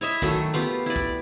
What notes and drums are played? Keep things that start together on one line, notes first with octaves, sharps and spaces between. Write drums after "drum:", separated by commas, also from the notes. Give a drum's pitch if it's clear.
E4 C#5 D#5 E5
D#3 F#3 A3, drum: kick
B3 F4 G4
E4 D5
drum: kick